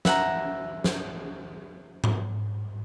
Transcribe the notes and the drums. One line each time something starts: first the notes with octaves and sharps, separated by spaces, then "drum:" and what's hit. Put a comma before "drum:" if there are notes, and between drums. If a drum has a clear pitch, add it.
E5 F#5 A#5, drum: snare
drum: snare
drum: tom G#2